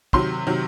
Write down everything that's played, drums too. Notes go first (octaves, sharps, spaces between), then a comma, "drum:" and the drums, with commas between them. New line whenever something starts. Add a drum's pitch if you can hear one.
C3 D#3 F#3 C6, drum: kick
C3 D#3 F#3